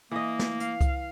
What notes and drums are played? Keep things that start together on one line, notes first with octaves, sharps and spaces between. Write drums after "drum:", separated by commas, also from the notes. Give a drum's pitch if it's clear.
E3 A#3 D#5
drum: snare
F5, drum: hi-hat
drum: kick C2, hi-hat